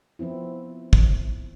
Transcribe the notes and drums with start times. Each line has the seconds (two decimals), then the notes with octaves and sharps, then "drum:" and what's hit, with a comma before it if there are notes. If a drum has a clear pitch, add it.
0.19 F3 B3 C4 E4
0.93 drum: kick